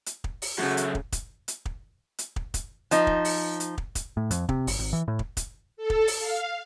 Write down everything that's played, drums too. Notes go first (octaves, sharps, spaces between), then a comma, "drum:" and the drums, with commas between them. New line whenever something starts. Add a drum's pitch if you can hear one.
drum: hi-hat
drum: kick
drum: open hi-hat
F#2 C#3 A3 F#4 A4
drum: hi-hat
drum: kick
drum: kick, hi-hat
drum: hi-hat
drum: kick
drum: hi-hat
drum: kick
drum: kick, hi-hat
F3 D#4, drum: hi-hat
drum: kick
drum: open hi-hat
drum: hi-hat
drum: kick
drum: kick, hi-hat
A2
F2, drum: hi-hat
C3, drum: kick
G1, drum: open hi-hat
G#1
E3
A2
drum: kick
drum: kick, hi-hat
A4
drum: kick
drum: open hi-hat
F5